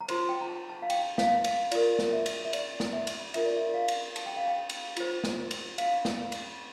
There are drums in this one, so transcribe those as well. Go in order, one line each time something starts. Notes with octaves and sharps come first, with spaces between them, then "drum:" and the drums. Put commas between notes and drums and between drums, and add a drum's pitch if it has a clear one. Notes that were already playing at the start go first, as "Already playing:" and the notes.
A#5
F4 C5 C6, drum: cymbal
G5
A#5
A5
A5
F5
G5, drum: cymbal
F5, drum: snare
F5, drum: cymbal
F4 A#4 D5, drum: cymbal
drum: snare
E5
drum: cymbal
E5
D5, drum: cymbal
drum: snare
E5
drum: cymbal
D4 F4 A#4 E5, drum: cymbal
D5
E5
F5
drum: cymbal
A5, drum: cymbal
G5
F5
G5
drum: cymbal
F4 C5, drum: cymbal
drum: snare
drum: cymbal
F5, drum: cymbal
drum: snare
drum: cymbal